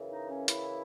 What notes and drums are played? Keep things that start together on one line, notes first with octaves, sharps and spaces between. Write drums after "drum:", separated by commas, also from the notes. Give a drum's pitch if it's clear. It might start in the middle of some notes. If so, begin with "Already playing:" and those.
Already playing: F#2 C#3 E3
D#4
C#4
E4, drum: hi-hat